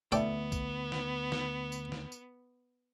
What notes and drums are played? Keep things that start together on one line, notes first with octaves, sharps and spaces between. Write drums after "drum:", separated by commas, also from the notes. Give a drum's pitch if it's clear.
D2 A3 B3 A4 D5 E5 G5, drum: tambourine
drum: kick, tambourine
drum: snare
drum: snare
drum: tambourine
drum: snare
drum: tambourine